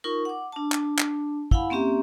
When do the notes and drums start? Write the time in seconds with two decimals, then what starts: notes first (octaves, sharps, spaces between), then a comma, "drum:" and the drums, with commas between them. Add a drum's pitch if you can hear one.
0.04 D#4 F4 A#4 C#6
0.25 F#5 D6
0.52 D4 A5
0.72 drum: clap
0.99 drum: clap
1.51 E4 F5 F#5 G#5 B5, drum: kick
1.70 A#3 C4 C#4 G4 E5 A#5